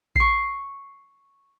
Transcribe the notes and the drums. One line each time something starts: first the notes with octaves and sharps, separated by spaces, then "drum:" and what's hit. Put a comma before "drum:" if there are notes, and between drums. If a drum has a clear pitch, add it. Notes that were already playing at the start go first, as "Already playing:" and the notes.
C#6 C7, drum: kick A#1